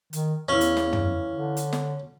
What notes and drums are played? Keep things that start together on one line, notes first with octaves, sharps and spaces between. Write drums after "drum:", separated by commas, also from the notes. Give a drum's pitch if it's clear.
D#3, drum: hi-hat
E2 E3 C#4 F5
drum: hi-hat
drum: snare
drum: tom
D3
drum: hi-hat
drum: snare